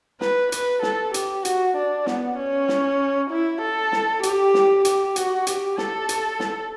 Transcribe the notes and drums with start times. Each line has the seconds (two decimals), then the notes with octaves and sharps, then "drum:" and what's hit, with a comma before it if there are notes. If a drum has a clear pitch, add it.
0.21 B4, drum: snare
0.52 B4, drum: hi-hat
0.83 A4, drum: snare
1.14 G4, drum: hi-hat
1.45 F#4, drum: hi-hat
1.76 D4
2.07 B3, drum: snare
2.38 C#4
2.69 drum: snare
3.30 E4
3.62 A4
3.92 drum: snare
4.23 G4, drum: hi-hat
4.54 drum: snare
4.85 G4, drum: hi-hat
5.16 F#4, drum: hi-hat
5.47 G4, drum: hi-hat
5.78 A4, drum: snare
6.09 drum: hi-hat
6.40 drum: snare